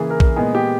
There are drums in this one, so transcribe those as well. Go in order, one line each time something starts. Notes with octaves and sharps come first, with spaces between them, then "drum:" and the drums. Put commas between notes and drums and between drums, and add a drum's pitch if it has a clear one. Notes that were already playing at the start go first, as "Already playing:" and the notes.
Already playing: C#3 E3 A#3 G#4
A#4
drum: kick A#1
A#2 G#3 B3 D#4 G#4
G4